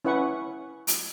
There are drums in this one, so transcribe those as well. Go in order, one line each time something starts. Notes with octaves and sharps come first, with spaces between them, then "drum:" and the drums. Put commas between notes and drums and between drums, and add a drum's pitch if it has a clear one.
C#4 E4 B4 F#5 C#6
drum: hi-hat